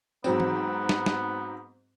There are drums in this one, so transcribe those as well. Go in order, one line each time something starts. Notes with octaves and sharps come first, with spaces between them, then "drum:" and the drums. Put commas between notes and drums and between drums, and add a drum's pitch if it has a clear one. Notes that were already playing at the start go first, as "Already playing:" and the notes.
G#2 F#3 B3 C4, drum: tambourine
drum: tom E3
drum: snare
drum: snare